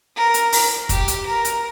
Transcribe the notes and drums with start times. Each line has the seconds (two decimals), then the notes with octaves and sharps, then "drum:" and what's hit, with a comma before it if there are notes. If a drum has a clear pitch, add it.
0.16 A#4
0.34 drum: hi-hat
0.52 drum: open hi-hat
0.89 G4, drum: kick, hi-hat
1.08 drum: hi-hat
1.26 A#4
1.45 drum: hi-hat